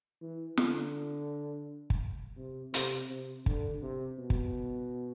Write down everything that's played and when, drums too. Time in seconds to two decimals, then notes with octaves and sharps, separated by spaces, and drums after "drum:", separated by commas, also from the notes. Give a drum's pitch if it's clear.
0.21 E3
0.58 D3, drum: snare
1.90 drum: kick
2.37 C3
2.74 C3, drum: hi-hat
3.10 C3
3.46 D3, drum: kick
3.82 C3
4.18 B2
4.30 drum: kick